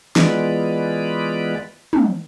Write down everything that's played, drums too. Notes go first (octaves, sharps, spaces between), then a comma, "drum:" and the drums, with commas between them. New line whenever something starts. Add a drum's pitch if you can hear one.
E3 G#3 B3 F4 B4 D5, drum: snare
drum: tom